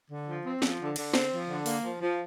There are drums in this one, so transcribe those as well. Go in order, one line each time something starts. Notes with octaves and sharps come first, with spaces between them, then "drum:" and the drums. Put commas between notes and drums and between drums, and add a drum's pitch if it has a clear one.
D3
F3
C4
F3, drum: snare
D3
D3, drum: cymbal
C4, drum: snare
F3
D3
A#3, drum: open hi-hat
F3
F3